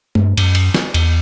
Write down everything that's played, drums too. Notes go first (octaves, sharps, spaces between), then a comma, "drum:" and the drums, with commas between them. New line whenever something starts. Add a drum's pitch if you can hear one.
G2, drum: tom G#3
G2, drum: cymbal
F#2
drum: cymbal
drum: snare
E2, drum: cymbal